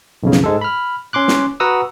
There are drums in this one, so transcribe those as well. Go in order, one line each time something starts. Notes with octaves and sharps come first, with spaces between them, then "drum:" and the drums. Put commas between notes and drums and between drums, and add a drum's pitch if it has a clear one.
B1 F2 C#3
drum: snare
G#2 G#3 A4
B5 F6
C#4 C6 D6 F#6
drum: snare
F#4 B4 F#5 A#5 D#6 E6